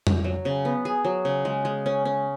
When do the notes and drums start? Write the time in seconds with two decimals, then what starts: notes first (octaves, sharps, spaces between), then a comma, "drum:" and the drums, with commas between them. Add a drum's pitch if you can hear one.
0.07 drum: tom F2
0.24 F#3
0.45 C#3
0.65 B3
0.85 G#4
1.05 F#3
1.25 C#3
1.45 G#3
1.65 G#3
1.86 C#4
2.05 C#4